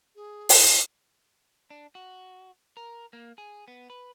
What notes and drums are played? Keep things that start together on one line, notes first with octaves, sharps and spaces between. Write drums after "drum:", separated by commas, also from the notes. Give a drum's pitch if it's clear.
G#4
drum: open hi-hat
D4
F#4
A#4
A#3
G#4
B3
B4